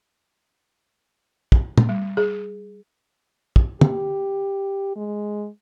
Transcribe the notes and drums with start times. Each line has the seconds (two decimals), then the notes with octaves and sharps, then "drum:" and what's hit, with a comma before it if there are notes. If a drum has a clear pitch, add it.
1.52 drum: kick
1.78 drum: tom
1.89 G3
2.17 G#4
3.56 drum: kick
3.81 G4, drum: tom
4.96 G#3